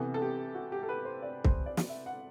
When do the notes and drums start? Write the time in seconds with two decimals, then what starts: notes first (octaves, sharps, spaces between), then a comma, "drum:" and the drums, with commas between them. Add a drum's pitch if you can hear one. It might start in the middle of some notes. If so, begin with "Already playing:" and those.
Already playing: C3 E3 B3 A4
0.14 A4
0.22 G4
0.55 F#4
0.72 G4
0.83 A4
0.89 B4
1.05 C5
1.22 D5
1.44 C5, drum: kick C2
1.66 D5
1.77 drum: snare
1.89 E5
2.06 F#5